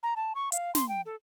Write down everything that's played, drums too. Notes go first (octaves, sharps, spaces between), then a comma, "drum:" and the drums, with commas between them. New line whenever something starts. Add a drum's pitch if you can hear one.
A#5
A5
C#6
F5, drum: hi-hat
C6, drum: snare
G5
A4